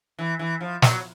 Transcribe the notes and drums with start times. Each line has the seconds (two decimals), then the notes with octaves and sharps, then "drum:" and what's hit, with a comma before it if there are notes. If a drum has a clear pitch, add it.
0.19 E3
0.39 E3
0.61 F3
0.82 F#3, drum: snare